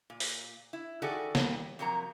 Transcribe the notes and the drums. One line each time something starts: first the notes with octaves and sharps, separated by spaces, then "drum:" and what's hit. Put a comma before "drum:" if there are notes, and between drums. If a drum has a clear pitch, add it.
A#2
drum: open hi-hat
E4
D#3 F#4 G#4 A4 D5
G3, drum: snare
F2 C3 F#3 A#3 A#5